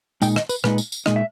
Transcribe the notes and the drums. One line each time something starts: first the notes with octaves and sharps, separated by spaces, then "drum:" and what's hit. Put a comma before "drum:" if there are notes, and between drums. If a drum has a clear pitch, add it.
A#2 G#3 D#4 G5, drum: tambourine
D#5, drum: rim click
B4, drum: tambourine
A#2 G#3 D#4 B4, drum: rim click
drum: tambourine
drum: tambourine
A#2 G#3 D#4 D#5, drum: rim click
E5